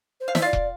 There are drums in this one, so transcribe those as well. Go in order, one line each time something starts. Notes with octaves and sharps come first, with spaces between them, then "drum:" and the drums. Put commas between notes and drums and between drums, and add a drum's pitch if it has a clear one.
C5
F5
E5, drum: snare
F4 D5 F5
drum: kick E1